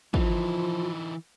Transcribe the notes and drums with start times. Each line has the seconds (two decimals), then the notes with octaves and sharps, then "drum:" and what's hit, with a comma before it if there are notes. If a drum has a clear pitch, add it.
0.14 E3 F3 D#4 F4, drum: kick